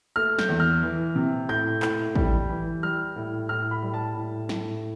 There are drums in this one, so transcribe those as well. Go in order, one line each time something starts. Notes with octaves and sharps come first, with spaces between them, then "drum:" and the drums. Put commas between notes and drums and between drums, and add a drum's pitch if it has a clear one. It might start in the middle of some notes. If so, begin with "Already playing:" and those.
A3 F6
G6, drum: snare
E2
F6
E3
C3
A2 G6
A2, drum: clap
G3, drum: kick
E3
G3 F6
A2
A2 F6
B5
G3
A5
A2
A2, drum: snare